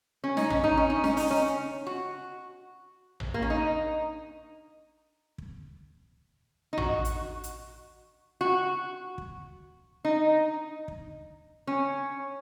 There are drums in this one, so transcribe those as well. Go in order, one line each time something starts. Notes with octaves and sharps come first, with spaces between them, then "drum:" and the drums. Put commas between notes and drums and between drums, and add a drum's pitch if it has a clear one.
C#4
D#4, drum: snare
C#4, drum: tom A1
D#4
C#4
D#4
C#4, drum: snare
D#4, drum: open hi-hat
C#4
F#4
drum: tom A1
A#3
C#4
D#4
drum: kick
D#4
F#4, drum: tom A1
drum: hi-hat
drum: hi-hat
F#4
drum: kick
D#4
drum: kick
C#4